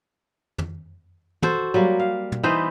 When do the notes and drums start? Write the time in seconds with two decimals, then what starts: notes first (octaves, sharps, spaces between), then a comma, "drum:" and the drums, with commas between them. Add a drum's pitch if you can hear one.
0.58 drum: tom
1.42 F#4 A4 C5, drum: tom
1.74 F#3 G3 A#3
1.99 F5
2.32 drum: tom
2.43 E3 B3 D#4 C5